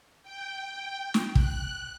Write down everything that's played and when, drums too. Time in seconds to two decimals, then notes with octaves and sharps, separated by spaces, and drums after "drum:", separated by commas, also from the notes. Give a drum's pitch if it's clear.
0.23 G5
1.14 drum: snare
1.35 F#6, drum: kick